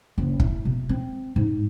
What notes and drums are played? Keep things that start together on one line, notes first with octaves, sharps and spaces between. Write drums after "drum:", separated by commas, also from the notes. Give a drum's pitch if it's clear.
F#1
E4, drum: kick
B2
C4
G#2